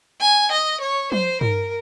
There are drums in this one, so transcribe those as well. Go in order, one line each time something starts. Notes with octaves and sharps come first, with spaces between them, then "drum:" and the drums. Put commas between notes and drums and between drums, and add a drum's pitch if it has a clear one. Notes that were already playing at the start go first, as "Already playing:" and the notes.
G#5
D#5
C#5
C5, drum: tom F3
A#4, drum: tom G2